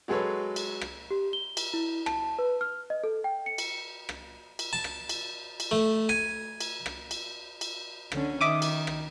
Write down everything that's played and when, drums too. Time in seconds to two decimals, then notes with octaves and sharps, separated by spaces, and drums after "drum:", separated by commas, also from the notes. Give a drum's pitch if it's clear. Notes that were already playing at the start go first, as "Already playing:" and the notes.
0.08 F#3 G#3 G#4 A4 B4 C#5
0.56 drum: cymbal
0.81 drum: rim click
1.11 G4
1.33 G7
1.57 drum: cymbal
1.74 E4
2.06 A5, drum: rim click
2.39 B4
2.61 F6
2.90 D#5
3.04 A4
3.24 G5
3.46 C#7
3.58 drum: cymbal
4.09 drum: rim click
4.59 drum: cymbal
4.73 A5
4.84 drum: rim click
5.09 drum: cymbal
5.60 drum: cymbal
5.71 A3
6.09 G#5, drum: rim click
6.61 drum: cymbal
6.86 drum: rim click
7.11 drum: cymbal
7.61 drum: cymbal
8.12 D3 C#4, drum: rim click
8.41 D#3 E5 D6 D#6
8.62 drum: cymbal
8.87 drum: rim click